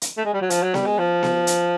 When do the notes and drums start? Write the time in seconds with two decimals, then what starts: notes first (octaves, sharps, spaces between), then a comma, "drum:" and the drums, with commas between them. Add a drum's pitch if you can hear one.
0.02 drum: hi-hat
0.18 A3
0.25 G#3
0.34 G3
0.42 F#3
0.50 F3, drum: hi-hat
0.63 F#3
0.74 G3, drum: snare B3
0.86 G#3
0.99 F3
1.23 drum: snare B3
1.47 drum: hi-hat